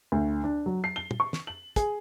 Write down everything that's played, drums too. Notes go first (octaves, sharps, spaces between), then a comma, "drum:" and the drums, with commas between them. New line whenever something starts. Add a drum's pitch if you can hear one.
D2
D4
F#3
C7
G7
drum: tom
C#6
drum: snare
F#7
G#4, drum: kick, hi-hat